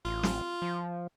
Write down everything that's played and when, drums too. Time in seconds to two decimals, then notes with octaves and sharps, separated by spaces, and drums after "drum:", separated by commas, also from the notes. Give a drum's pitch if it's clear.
0.05 A1 F4
0.23 drum: snare
0.62 F3